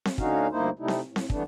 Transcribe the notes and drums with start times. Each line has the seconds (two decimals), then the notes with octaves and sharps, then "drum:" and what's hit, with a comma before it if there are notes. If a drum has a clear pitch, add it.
0.05 drum: snare C4
0.18 D2 D3 C#4 D#4 F#4 F5, drum: kick
0.51 D2 G2 A#3 D#4 E4 C5
0.79 C3 G3 A3 D#4 E4
0.88 drum: snare C4
1.03 A2
1.16 drum: snare C4
1.30 G2 D3 E3 A3 B3 D4, drum: kick